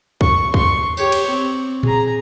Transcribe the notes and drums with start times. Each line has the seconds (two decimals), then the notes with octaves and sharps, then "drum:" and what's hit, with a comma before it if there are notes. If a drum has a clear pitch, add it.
0.21 C#6, drum: kick
0.54 C6 C#6, drum: kick
0.97 G4 C#5, drum: tambourine
1.12 drum: cymbal
1.30 C4
1.83 G#4 A#5, drum: tom A2